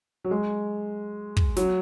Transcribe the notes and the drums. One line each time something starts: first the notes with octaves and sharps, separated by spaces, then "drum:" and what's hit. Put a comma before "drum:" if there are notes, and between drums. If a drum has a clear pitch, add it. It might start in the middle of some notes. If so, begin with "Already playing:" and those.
F#3
G#3
drum: kick
F#3, drum: snare